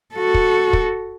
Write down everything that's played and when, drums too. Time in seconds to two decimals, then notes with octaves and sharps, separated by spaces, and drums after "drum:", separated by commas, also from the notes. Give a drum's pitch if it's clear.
0.15 F#4 A4
0.34 drum: kick
0.73 drum: kick